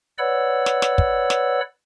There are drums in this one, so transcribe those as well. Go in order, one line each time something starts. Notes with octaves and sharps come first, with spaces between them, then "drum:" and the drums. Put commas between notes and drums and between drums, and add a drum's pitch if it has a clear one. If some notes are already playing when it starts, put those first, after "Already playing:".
B4 C#5 D5 F#5 B5 E6
drum: snare
drum: snare
drum: kick
drum: snare